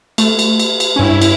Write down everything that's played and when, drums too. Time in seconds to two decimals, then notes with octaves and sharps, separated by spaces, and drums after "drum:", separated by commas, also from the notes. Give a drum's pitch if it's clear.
0.18 A3, drum: cymbal
0.39 drum: cymbal
0.60 drum: cymbal
0.80 drum: cymbal
0.96 G2 C#4 E4
1.22 drum: cymbal